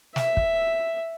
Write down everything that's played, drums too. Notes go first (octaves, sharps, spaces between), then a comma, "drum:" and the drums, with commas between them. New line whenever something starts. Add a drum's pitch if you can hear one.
E5, drum: snare
drum: kick